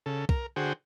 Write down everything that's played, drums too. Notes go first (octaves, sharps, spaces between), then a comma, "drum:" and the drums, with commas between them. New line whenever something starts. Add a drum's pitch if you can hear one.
C#3 A4
A#4, drum: kick
D3 F#4 G#4 C5 G5